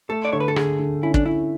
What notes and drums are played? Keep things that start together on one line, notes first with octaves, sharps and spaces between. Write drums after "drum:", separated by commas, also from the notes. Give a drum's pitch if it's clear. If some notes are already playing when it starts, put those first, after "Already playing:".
A3 A4
D5
D3 C#5
B4
A4
D3 G#4, drum: rim click
D3
C#4 E4
D4, drum: kick
C#4 E4